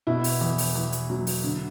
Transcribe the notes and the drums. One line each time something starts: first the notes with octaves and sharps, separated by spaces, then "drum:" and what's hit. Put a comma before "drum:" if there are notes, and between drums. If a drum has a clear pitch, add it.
B2 E4
drum: open hi-hat
E2
drum: open hi-hat
E2
drum: hi-hat
F#3
drum: open hi-hat
D3